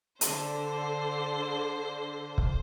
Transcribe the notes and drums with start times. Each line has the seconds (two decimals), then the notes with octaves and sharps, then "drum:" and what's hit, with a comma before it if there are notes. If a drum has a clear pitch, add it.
0.21 D3 C5, drum: hi-hat
2.38 drum: kick